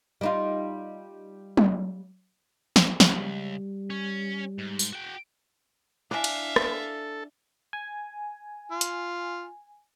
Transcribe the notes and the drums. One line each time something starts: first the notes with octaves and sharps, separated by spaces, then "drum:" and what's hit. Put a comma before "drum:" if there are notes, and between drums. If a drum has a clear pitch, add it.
G3 D#4 F4
drum: tom F#3
drum: snare
C#2 G3, drum: snare
C#4
G#2
drum: tambourine
F#4 G5
D4 E4 E5 F5 G#5
drum: cymbal
A4, drum: rim click
G#5
F4
drum: hi-hat